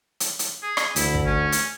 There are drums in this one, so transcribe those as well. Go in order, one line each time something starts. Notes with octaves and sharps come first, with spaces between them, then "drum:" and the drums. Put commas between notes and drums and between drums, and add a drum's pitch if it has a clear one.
drum: hi-hat
drum: hi-hat
G#4
drum: rim click
D2 E4, drum: hi-hat
drum: kick
C#4
drum: hi-hat